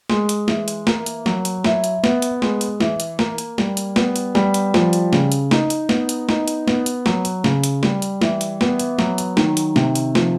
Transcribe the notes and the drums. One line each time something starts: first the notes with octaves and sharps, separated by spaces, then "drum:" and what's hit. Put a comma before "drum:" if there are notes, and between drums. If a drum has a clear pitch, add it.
G#3, drum: snare
drum: hi-hat
E3, drum: snare
drum: hi-hat
A#3, drum: snare
drum: hi-hat
F#3, drum: snare
drum: hi-hat
E4, drum: snare
drum: hi-hat
B3, drum: snare
drum: hi-hat
G#3, drum: snare
drum: hi-hat
E3, drum: snare
drum: hi-hat
A#3, drum: snare
drum: hi-hat
G3, drum: snare
drum: hi-hat
B3, drum: snare
drum: hi-hat
G3, drum: snare
drum: hi-hat
F3, drum: snare
drum: hi-hat
C#3, drum: snare
drum: hi-hat
D#4, drum: snare
drum: hi-hat
B3, drum: snare
drum: hi-hat
D#4, drum: snare
drum: hi-hat
B3, drum: snare
drum: hi-hat
F#3, drum: snare
drum: hi-hat
C#3, drum: snare
drum: hi-hat
G3, drum: snare
drum: hi-hat
E3, drum: snare
drum: hi-hat
B3, drum: snare
drum: hi-hat
F#3, drum: snare
drum: hi-hat
D#3, drum: snare
drum: hi-hat
C3, drum: snare
drum: hi-hat
F3, drum: snare